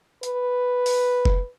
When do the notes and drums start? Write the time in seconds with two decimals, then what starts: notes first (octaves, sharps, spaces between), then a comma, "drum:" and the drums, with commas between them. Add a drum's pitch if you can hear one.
0.23 B4, drum: hi-hat
0.86 drum: open hi-hat
1.25 drum: kick F1